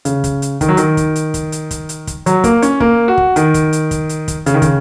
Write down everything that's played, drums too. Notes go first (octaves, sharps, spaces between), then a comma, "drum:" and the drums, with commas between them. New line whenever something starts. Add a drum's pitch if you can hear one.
C#3, drum: hi-hat
drum: kick, hi-hat
drum: hi-hat
D#3, drum: kick, hi-hat
F#3
D#3, drum: hi-hat
drum: kick, hi-hat
drum: hi-hat
drum: kick, hi-hat
drum: hi-hat
drum: kick, hi-hat
drum: hi-hat
drum: kick, hi-hat
F#3, drum: hi-hat
A#3, drum: kick, hi-hat
C#4, drum: hi-hat
A#3, drum: kick
F#4
drum: kick
D#3, drum: hi-hat
drum: kick, hi-hat
drum: hi-hat
drum: kick, hi-hat
drum: hi-hat
drum: kick, hi-hat
C#3, drum: hi-hat
D#3
C#3, drum: kick, hi-hat